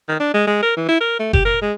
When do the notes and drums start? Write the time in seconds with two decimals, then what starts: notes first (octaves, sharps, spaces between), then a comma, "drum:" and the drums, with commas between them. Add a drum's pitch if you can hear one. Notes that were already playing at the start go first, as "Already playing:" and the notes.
0.09 D#3
0.20 D4
0.34 G#3
0.47 G#3
0.63 A#4
0.77 E3
0.89 E4
1.01 A#4
1.19 A3
1.33 G4, drum: kick F#1
1.45 A#4
1.62 G#3